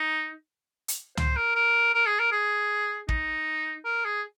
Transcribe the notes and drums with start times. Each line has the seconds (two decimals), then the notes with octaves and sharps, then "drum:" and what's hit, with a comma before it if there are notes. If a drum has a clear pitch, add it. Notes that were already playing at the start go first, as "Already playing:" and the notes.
Already playing: D#4
0.88 drum: hi-hat
1.17 C5, drum: tom C#2
1.36 A#4
1.55 A#4
1.94 A#4
2.06 G#4
2.19 A#4
2.32 G#4
3.09 D#4, drum: kick
3.85 A#4
4.05 G#4